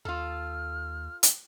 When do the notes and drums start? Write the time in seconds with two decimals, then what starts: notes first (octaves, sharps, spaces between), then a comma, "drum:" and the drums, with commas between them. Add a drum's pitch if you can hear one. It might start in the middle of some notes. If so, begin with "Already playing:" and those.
0.05 D#2 F4 A4 F6
1.23 drum: hi-hat